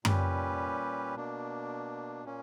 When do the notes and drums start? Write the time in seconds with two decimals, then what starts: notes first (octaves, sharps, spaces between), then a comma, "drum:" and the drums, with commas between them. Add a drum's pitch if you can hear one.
0.05 A#2 G3 C#4 G4 B4, drum: tom F#2
1.15 B2 A#3 D4
2.24 A#2 A#3 C#4